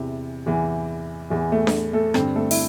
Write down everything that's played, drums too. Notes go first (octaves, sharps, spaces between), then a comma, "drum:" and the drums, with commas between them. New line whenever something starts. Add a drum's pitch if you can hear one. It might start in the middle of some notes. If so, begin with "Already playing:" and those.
Already playing: E2 C3 E3
E2 E3
E2 E3
A3
drum: snare D4
A3 A4
G2 D3 C4 C5, drum: rim click
A3 A4
E4, drum: open hi-hat